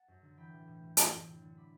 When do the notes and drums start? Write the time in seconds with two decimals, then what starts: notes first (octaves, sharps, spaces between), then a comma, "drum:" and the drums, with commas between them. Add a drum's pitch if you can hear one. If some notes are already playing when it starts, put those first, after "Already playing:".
Already playing: F#5 A5
0.08 F#2
0.22 D3
0.37 E3 G5 B5
0.53 A2
0.68 A2
0.82 A2
0.97 F#2, drum: hi-hat
1.13 F#2
1.27 D3
1.42 D3
1.57 B5 D6